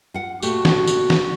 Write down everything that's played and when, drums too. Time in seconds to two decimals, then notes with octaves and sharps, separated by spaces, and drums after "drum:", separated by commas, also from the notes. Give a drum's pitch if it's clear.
0.14 F4 F#5
0.42 A#2 A3 F#4 G4, drum: tambourine
0.65 drum: snare
0.87 drum: tambourine
1.10 drum: snare